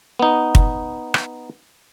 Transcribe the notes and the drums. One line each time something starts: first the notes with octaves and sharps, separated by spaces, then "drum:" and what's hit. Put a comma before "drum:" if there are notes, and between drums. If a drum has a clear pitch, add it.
B3 D#4
drum: kick
drum: rim click